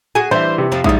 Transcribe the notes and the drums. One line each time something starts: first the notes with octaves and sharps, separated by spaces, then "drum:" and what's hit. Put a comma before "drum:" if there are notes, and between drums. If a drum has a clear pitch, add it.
F#4 G#4 G#5
E3 G3 D4 C5 E5
C3
F2 F3 C4
G#2 F3 G3 E4 D#6, drum: kick